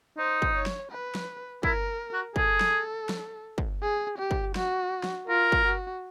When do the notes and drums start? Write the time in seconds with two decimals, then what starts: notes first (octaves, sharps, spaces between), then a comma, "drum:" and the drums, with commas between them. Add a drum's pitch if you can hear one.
0.18 D#4 C5
0.42 drum: kick
0.55 C#5
0.66 drum: snare
0.91 B4
1.15 drum: snare
1.63 E4 A#4, drum: kick
2.13 F#4
2.36 G#4 A4, drum: kick
2.61 drum: snare
3.09 drum: snare
3.58 drum: kick
3.82 G#4
4.19 G4
4.31 drum: kick
4.56 F#4, drum: snare
5.04 drum: snare
5.27 F4 A#4
5.52 drum: kick
5.65 F#4